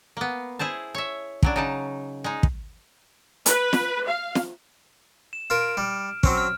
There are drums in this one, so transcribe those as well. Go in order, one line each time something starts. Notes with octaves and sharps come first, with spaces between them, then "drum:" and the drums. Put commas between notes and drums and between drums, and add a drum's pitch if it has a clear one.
A#3 B3
E4 G#4 C5 A5
C#5 E5
C#3 F#3 D4, drum: kick
C#3 D#4 A5
G#3 D#4
drum: kick
B4, drum: hi-hat
drum: snare
F5
drum: snare
E7
F4 A#4 F6 D7
G3
F#3 C4 C#4, drum: kick
F6